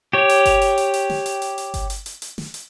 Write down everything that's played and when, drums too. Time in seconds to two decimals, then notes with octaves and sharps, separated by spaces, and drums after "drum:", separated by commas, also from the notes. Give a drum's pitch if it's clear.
0.13 G4 C#5
0.29 drum: hi-hat
0.45 drum: kick G1, hi-hat
0.62 drum: hi-hat
0.78 drum: hi-hat
0.94 drum: hi-hat
1.10 drum: snare
1.26 drum: hi-hat
1.42 drum: hi-hat
1.58 drum: hi-hat
1.74 drum: kick G1, hi-hat
1.90 drum: hi-hat
2.06 drum: hi-hat
2.22 drum: hi-hat
2.38 drum: snare
2.54 drum: hi-hat